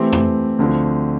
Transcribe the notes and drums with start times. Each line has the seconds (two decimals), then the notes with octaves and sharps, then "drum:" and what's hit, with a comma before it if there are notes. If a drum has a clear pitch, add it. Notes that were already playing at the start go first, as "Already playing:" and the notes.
Already playing: E3 A3 C4 G4
0.12 drum: tom F2
0.59 D2 D3 F3 C4